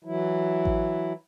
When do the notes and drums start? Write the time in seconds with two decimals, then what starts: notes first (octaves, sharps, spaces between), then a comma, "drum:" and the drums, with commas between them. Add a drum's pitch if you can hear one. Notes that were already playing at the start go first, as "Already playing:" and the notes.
0.05 E3 F#3 E4
0.65 drum: kick A1